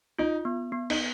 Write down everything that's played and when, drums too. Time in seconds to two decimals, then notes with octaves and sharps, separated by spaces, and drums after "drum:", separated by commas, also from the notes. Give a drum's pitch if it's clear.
0.19 D#4 F4
0.45 B3
0.72 B3
0.90 D#4, drum: cymbal